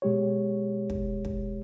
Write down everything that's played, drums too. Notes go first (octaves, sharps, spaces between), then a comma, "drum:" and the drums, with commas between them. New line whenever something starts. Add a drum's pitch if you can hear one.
B2 G#3 G4 C#5
drum: kick
drum: kick